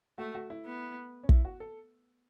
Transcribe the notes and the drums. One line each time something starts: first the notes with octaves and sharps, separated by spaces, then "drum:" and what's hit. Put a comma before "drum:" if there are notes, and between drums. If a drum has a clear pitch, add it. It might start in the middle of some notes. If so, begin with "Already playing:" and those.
A3 F#4
F#4
E4
B3
C#4
E4, drum: kick
F#4
A4